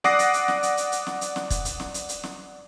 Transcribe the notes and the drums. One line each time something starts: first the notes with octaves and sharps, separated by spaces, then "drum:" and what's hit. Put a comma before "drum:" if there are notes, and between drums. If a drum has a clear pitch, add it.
D5 F#5 D6 D#6 A#6 C7, drum: snare
drum: hi-hat
drum: hi-hat
drum: snare
drum: hi-hat
drum: hi-hat
drum: hi-hat
drum: snare
drum: hi-hat
drum: snare
drum: kick, hi-hat
drum: hi-hat
drum: snare
drum: hi-hat
drum: hi-hat
drum: snare